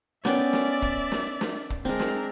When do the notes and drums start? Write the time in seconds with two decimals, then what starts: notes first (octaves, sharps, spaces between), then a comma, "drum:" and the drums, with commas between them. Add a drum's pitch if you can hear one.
0.25 B3 C#4 D5 E5 G5, drum: snare
0.53 drum: snare
0.82 drum: kick
1.12 drum: snare
1.41 drum: snare
1.70 drum: kick
1.85 G#3 C4 D4 A#4
2.00 drum: snare